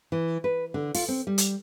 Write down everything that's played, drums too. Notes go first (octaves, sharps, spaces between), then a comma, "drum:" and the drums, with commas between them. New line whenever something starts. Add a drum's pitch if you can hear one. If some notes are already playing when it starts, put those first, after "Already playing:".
E3
B4
D3
F4, drum: open hi-hat
C4
G3
drum: hi-hat